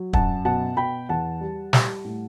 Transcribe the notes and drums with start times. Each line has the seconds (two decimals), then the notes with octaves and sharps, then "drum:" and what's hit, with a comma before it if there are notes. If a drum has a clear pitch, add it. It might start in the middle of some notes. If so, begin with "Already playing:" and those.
Already playing: F#3
0.13 F#2 F#5 A5, drum: kick
0.45 B2 F#5 A5
0.77 B2 G5 B5
1.09 E2 F#5 A5
1.41 G3
1.73 G3, drum: snare
2.05 A2